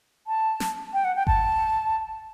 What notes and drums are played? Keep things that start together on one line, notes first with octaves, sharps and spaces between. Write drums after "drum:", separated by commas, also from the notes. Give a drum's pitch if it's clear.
A5
drum: snare
G5
F#5
G5
A5, drum: kick G1